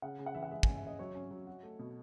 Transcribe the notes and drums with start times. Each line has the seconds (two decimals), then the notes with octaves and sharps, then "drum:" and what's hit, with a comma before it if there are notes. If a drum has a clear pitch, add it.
0.02 C#3 F#5
0.19 C#3
0.26 F#5
0.34 E3 E5
0.43 F#5
0.51 G#3 E5
0.63 C#4 G#5, drum: kick
0.76 E5
0.83 C#4 D#5
0.99 F#3 C#5
1.15 C#4
1.31 F#3
1.47 F#4
1.63 A3
1.79 B2